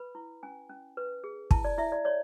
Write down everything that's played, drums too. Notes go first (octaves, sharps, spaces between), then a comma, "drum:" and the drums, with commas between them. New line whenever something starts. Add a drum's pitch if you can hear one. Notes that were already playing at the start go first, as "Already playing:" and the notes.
Already playing: B4 B5
E4
C#4 G#5
C#4
B4
G#4
E4 A5, drum: kick
D5
E4 E5
D5
C#5 D5